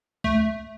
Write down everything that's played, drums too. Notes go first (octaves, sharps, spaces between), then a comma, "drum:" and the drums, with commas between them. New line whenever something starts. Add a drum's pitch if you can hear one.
A3, drum: kick B1